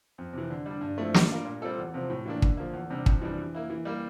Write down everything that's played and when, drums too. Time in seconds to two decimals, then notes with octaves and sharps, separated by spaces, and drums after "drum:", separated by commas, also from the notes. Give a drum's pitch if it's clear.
0.18 F2
0.33 C3 E3
0.50 D3
0.66 G3 D4
0.81 G2
0.98 F3 A3 C4 E4
1.14 G3, drum: snare
1.29 D4 F4 A#4
1.45 A#2
1.62 G3 C4 F4 A4
1.78 E2
1.94 C3 F3 C4
2.10 A2
2.25 E3 A#3 D4
2.42 D3, drum: kick
2.57 F3 A#3
2.73 E2
2.90 C3 G3 D4
3.06 F2, drum: kick
3.22 E3 G3 D4
3.38 E3
3.55 A#3 E4
3.70 E3
3.85 G3 A#3